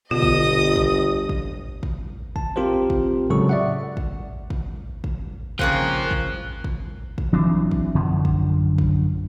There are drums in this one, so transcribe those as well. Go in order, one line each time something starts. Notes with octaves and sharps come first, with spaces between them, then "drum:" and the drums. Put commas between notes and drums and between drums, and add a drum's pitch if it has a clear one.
G1 B2 D3 F4 D#5 D#6
drum: kick
drum: kick
drum: kick
drum: kick
A5, drum: kick
C4 F4 G4 A#4 C5
drum: kick
A2 C#3 F#3 G#3 A4 C#6
D5 E5 F#5
drum: kick
drum: kick
drum: kick
C#3 A#3 C4 F4 C5 F#6, drum: kick
drum: kick
drum: kick
drum: kick
E3 F#3 C4 D4
drum: kick
F#2 D3 F3
drum: kick
drum: kick